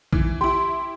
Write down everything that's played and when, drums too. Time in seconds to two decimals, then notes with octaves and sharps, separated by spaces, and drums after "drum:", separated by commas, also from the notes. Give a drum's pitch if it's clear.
0.13 E3, drum: kick A#1
0.41 E4 G4 C6